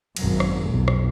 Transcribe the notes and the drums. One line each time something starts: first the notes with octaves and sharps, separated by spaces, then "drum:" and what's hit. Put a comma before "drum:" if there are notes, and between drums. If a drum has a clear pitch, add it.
G#1 F#2, drum: cymbal
drum: rim click
B1 F2
drum: rim click